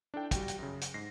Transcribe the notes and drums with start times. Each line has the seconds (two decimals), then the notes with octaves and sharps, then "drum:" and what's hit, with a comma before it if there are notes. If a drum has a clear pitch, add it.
0.14 D4 E4 A4 G5
0.31 G3 F#4 G5 A#6, drum: kick, hi-hat
0.48 drum: hi-hat
0.59 F#2 C#3
0.81 drum: hi-hat
0.94 G#2 A#6 C7